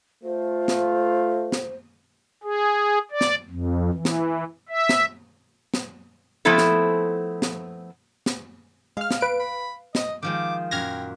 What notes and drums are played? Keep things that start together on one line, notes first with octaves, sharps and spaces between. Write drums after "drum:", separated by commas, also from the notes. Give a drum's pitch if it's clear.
A3 F4 C5
drum: snare
drum: snare
G#4
D5
drum: snare
F2
E3
drum: snare
E5
drum: snare
drum: snare
F3 A3 B3 C4 E4 A4
drum: snare
drum: snare
drum: snare
G#3 F5 F6
drum: snare
B4 D7
B5
D#5, drum: snare
D#3 F3 G#3 D6
F#2 A#2 G5 F6 G#6 A#6